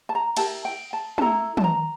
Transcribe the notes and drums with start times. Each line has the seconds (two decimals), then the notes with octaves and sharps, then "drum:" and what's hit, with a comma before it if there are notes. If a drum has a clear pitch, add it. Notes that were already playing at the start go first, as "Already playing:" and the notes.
0.09 A5
0.15 A#5
0.37 E4 G4 A#4 A5, drum: cymbal
0.65 G5
0.93 A5
1.18 A5, drum: tom
1.21 E4 A4 A#5
1.57 A5, drum: tom
1.64 A#5